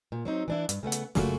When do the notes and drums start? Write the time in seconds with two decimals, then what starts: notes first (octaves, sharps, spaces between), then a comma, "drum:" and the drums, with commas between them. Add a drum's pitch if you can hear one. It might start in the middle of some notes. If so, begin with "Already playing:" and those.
0.12 A#2
0.25 F#3 C4 D#4
0.48 E3 D4 E4
0.69 G2, drum: hi-hat
0.83 C#3 A3 B3 F#5
0.92 drum: hi-hat
1.15 F#2 C#3 A3 A#3 F4 F#4, drum: snare